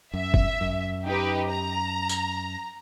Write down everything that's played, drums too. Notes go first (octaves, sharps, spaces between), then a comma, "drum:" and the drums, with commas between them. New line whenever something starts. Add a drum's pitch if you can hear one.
F#2 E5
drum: kick F#1
F#2
D#4 G4 B4
A#5
drum: tambourine